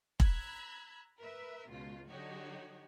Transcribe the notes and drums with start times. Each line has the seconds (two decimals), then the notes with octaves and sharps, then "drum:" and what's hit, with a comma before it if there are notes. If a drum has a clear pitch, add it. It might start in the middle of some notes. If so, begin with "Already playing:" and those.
0.20 A#5 B5 E6 F#6 G#6, drum: kick
1.19 A#4 B4 E5
1.70 C#2 B2 F4
2.08 D3 F#3 D#4 F#4 G4 C#5